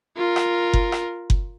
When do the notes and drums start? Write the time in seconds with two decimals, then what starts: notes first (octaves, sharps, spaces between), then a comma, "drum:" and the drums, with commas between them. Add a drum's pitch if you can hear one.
0.17 F4 A#4
0.36 drum: rim click
0.73 drum: kick F#1
0.92 drum: rim click
1.30 drum: kick F#1